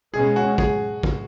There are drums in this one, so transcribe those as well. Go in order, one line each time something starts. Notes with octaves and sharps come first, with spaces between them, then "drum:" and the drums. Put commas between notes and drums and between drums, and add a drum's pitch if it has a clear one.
B2 G#3 C#4 G#4
F#4
G#4, drum: kick
drum: kick